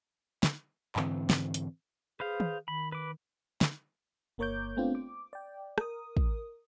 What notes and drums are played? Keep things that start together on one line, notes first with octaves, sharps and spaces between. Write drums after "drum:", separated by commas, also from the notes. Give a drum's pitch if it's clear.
drum: snare
G#2 D3 E3 C4, drum: clap
drum: snare
drum: hi-hat
G#4 B4 C5 F5
drum: tom
D#3 B5
B4 D6
drum: snare
G1 A#3 A#4 C#5 D6 G6
A3 B3 C4 D4 F4
D6
D5 G5
A#4 D#6, drum: rim click
drum: kick